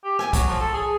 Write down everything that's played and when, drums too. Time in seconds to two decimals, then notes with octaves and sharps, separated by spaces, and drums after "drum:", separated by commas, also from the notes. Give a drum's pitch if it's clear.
0.04 G4
0.19 G#5, drum: rim click
0.33 F#3, drum: kick, hi-hat
0.48 F3
0.60 A4
0.74 G#4